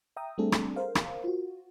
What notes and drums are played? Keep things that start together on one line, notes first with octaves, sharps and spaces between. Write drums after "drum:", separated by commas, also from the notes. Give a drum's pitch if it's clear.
E5 G5 A#5 D#6
G3 A3 C4 D4 G#4 A4
drum: rim click
A#4 C5 F5
drum: rim click
F4 F#4